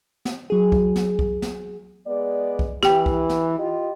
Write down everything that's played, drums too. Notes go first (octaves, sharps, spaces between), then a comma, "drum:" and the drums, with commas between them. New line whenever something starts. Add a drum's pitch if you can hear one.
drum: snare
F#3 G#4
drum: kick C2
drum: snare
drum: kick C2
drum: snare
G#3 B3 D5
drum: kick C2
E3 G4 G5, drum: snare
drum: kick C2
drum: snare
F4 G4 D#5